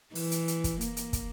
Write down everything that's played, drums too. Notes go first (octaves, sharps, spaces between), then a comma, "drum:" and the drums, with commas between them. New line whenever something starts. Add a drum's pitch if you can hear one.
E3, drum: open hi-hat
drum: hi-hat
drum: hi-hat
drum: kick, hi-hat
A#3, drum: hi-hat
drum: hi-hat
drum: kick, hi-hat